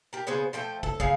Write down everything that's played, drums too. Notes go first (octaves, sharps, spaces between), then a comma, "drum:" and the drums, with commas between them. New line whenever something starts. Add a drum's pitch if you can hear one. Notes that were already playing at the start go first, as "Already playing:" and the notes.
G4 A#4
C#3 B3 G#4 C5
F3 A3 G5
A4, drum: kick
C#3 G#4 F5, drum: kick